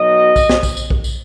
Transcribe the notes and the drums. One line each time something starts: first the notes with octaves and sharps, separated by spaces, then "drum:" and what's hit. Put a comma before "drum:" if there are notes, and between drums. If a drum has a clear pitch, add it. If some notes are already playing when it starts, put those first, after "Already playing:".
Already playing: B1 B2 F#3 D#5
drum: kick B1, tambourine
drum: snare
drum: kick B1, tambourine
drum: tambourine
drum: kick B1
drum: tambourine